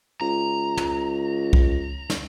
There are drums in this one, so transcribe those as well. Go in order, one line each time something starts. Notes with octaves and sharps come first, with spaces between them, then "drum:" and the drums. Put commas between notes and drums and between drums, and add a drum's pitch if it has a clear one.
C#2 A#5
drum: tom
drum: kick
drum: snare